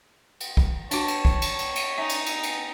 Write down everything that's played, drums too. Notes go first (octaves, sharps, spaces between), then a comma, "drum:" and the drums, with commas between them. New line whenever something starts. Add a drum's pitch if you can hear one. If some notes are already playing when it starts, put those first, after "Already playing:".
drum: cymbal
drum: kick
D4 F#4 C#5 A5, drum: cymbal
drum: cymbal
drum: kick
drum: cymbal
drum: cymbal
drum: cymbal
D#4 E5 G#5
drum: cymbal
drum: cymbal
drum: cymbal